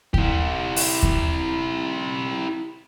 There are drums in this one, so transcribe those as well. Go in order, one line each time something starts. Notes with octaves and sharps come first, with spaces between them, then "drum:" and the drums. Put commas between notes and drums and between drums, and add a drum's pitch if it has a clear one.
E4 G4, drum: kick D#2
drum: open hi-hat
drum: kick D#2